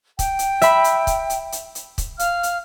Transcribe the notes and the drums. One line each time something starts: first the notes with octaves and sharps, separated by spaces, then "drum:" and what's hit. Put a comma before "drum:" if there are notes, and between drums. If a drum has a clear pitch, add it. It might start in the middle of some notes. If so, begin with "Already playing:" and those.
G5, drum: kick, hi-hat
drum: hi-hat
E5 B5, drum: hi-hat
drum: hi-hat
drum: kick, hi-hat
drum: hi-hat
drum: hi-hat
drum: hi-hat
drum: kick, hi-hat
F5 F6, drum: hi-hat
drum: hi-hat